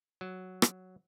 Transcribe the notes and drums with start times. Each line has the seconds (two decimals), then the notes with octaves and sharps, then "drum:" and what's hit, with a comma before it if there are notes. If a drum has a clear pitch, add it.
0.21 F#3
0.62 drum: rim click